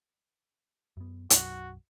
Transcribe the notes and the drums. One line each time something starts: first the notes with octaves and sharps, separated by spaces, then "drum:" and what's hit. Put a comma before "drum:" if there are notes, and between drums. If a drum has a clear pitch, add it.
F#2 B3
B1 F#2 F#4, drum: hi-hat